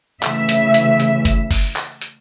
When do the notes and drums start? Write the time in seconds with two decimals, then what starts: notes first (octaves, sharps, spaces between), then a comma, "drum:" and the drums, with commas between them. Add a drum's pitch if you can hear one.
0.23 C#3 E3 A3 E5, drum: clap
0.49 drum: hi-hat
0.74 drum: hi-hat
1.00 drum: hi-hat
1.25 drum: kick F#1, hi-hat
1.51 drum: kick F#1, open hi-hat
1.76 drum: clap
2.02 drum: hi-hat